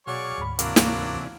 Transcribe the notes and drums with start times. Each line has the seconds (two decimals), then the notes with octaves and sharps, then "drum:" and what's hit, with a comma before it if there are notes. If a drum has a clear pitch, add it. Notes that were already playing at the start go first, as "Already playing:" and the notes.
0.07 B2 F#3 G#4 D5 F5 C#6
0.38 D2 G#2 B5
0.59 C3 E3 F#3 A#3 D4 D5, drum: hi-hat
0.76 drum: snare